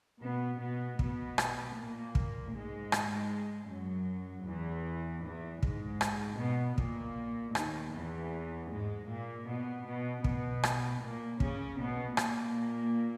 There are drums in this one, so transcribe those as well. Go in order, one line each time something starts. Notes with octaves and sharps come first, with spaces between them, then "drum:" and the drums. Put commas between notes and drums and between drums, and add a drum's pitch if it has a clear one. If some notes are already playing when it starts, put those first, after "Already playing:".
B2 B3
B2 B3
B2 B3, drum: kick
drum: rim click
A#2 A#3
drum: kick
G#2 G#3
drum: rim click
F#2 F#3
E2 E3
E2 E3
G#2 G#3, drum: kick
drum: rim click
B2 B3
A#2 A#3, drum: kick
D#2 D#3, drum: rim click
E2 E3
G#2 G#3
A#2 A#3
B2 B3
B2 B3
B2 B3, drum: kick
drum: rim click
A#2 A#3
C#3 C#4, drum: kick
B2 B3
A#2 A#3, drum: rim click